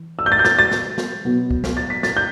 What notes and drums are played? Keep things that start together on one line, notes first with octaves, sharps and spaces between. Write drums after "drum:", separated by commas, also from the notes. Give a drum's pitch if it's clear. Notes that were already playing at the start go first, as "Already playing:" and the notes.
Already playing: E3
E6
G6
A6
G6
A6, drum: snare
A6
drum: snare
drum: snare
B2 F#3 B3
drum: kick
drum: snare
A6
B6
A6, drum: snare
G6